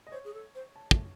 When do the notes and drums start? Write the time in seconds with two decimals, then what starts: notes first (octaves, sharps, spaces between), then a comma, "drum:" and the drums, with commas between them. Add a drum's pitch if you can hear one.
0.07 D#5
0.12 C5 C#5
0.25 G#4
0.34 A4
0.55 C5
0.76 A5
0.91 A3, drum: kick